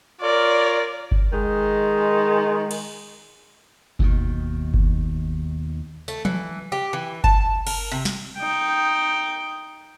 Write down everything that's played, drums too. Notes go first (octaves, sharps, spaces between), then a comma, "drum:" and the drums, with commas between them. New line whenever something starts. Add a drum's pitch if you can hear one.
F4 A#4 C#5 D5
drum: kick G1
D#3 G#3
drum: cymbal
D#2 B2 D#3, drum: kick G1
drum: kick G1
A3, drum: tambourine
E3, drum: tom F3
G4
E3
A5, drum: kick G1
A#4, drum: cymbal
C3
drum: snare
D#4 G5